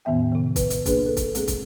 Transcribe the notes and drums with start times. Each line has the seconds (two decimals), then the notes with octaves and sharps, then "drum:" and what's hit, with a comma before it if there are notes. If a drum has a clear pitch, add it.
0.05 E2 A2 D#3 B3 E5 G5
0.32 C3 D#3
0.56 B4, drum: kick, hi-hat
0.70 drum: hi-hat
0.86 A#3 D4 G#4 B4, drum: kick, hi-hat
1.06 A4
1.17 drum: kick, hi-hat
1.35 G#3 C4 G#4, drum: hi-hat
1.48 drum: kick, hi-hat